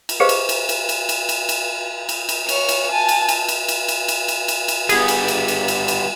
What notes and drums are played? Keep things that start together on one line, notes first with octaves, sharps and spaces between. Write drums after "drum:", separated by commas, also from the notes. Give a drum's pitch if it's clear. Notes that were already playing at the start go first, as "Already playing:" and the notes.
drum: cymbal
G4 G#4 B4 C5 D#5 F5
drum: cymbal
drum: cymbal
drum: cymbal
drum: cymbal
drum: cymbal
drum: cymbal
drum: cymbal
drum: cymbal
drum: cymbal
C#5 F6, drum: cymbal
drum: cymbal
G#5 A5
drum: cymbal
drum: cymbal
drum: cymbal
drum: cymbal
drum: cymbal
drum: cymbal
drum: cymbal
drum: cymbal
drum: cymbal
G3 B3 G#4, drum: cymbal
drum: cymbal
drum: cymbal
drum: cymbal
drum: cymbal
drum: cymbal